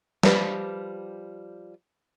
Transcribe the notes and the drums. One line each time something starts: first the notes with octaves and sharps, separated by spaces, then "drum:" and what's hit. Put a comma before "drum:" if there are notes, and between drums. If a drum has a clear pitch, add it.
F3 G3 B4, drum: snare